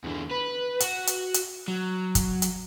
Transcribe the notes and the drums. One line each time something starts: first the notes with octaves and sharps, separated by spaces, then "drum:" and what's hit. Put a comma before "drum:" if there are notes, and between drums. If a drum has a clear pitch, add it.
E2 D3
B4
F#4, drum: hi-hat
drum: hi-hat
drum: hi-hat
F#3
drum: kick, hi-hat
drum: hi-hat